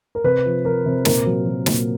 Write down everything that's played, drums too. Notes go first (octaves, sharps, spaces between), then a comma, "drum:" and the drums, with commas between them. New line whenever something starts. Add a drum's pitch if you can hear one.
A#4
C3 B4
F3
F3 A#4
C3
A#2 A#4, drum: snare
F#3
F#3
A#2, drum: snare